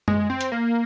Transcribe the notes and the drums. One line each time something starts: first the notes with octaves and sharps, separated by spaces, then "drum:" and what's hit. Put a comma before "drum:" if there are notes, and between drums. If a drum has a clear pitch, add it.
G#3, drum: tom F#2
C4
drum: hi-hat
A#3